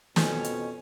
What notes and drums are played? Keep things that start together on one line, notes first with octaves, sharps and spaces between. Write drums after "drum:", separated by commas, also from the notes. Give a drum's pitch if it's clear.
F2 B2 C#4, drum: snare
drum: hi-hat